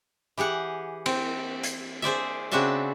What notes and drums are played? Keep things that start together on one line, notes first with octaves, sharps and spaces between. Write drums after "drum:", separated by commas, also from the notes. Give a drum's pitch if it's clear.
E3 G4 G#4 F#5
C4, drum: cymbal
drum: hi-hat
G#4 C5 D5 E5
C#3 C4 D4 F#4 E5 A5